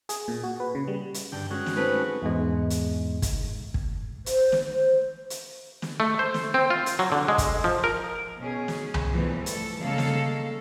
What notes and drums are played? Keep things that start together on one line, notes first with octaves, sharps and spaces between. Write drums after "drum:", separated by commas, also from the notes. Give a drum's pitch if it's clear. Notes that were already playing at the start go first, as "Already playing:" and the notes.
G#4, drum: hi-hat
A#2
F#4
B4
C#3
G3
drum: hi-hat
G2 D3 G5
G#3 C#4 F#4
drum: snare
A3 C4 D#4 B4
E2 G#2 G#3
drum: hi-hat
drum: kick, hi-hat
drum: kick
C5, drum: hi-hat
drum: snare
C5
drum: hi-hat
drum: snare
A3
C5
drum: snare
C4
F4
drum: hi-hat
F#3
D3
G#3
drum: kick, hi-hat
F3
A#4
B2 C#4 G#4
drum: snare
drum: tom C2
E3 F3 G3 A3 B3
A4, drum: hi-hat
C#3 G3 G#3 A#3 A4 F5
drum: snare